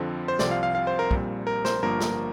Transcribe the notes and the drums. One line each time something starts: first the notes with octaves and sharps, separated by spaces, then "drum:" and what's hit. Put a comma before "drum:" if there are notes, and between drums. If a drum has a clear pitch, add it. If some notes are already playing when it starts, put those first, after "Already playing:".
Already playing: F2 D3 F3 C4
C5
C2 C3 F3 C4 D5, drum: snare
F5
F5
F5
C5
A#4
A#1 A#2 G3 C4, drum: kick
A#4
C5, drum: snare
G1 G2 F3 A#3 A#4
drum: snare